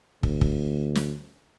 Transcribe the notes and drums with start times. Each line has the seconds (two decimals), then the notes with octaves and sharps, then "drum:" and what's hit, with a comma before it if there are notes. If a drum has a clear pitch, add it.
0.23 D2, drum: kick
0.41 drum: kick
0.95 drum: snare